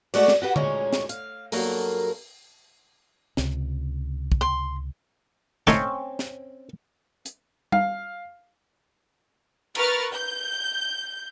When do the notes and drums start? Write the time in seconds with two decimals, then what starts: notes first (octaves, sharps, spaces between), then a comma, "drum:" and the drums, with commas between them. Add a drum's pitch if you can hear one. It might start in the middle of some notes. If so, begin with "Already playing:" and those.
0.14 G#3 A3 F#4 C5 D5, drum: cymbal
0.28 drum: snare
0.42 F#4 G4 B4 F#5
0.56 D2 A#2 G#3 C#4 D#4 C#5, drum: tom D3
0.93 drum: snare
1.09 F5, drum: hi-hat
1.52 G2 F#3 A#3 A4 A#4, drum: open hi-hat
3.37 C#2 C3, drum: snare
4.32 drum: kick
4.41 C6
5.67 A3 C4 C#4 D#4 C#5 G5, drum: snare
6.19 drum: snare
7.26 drum: hi-hat
7.72 F5, drum: tom G3
9.75 A#4 B4 C#6 F6 A6, drum: cymbal
10.13 G6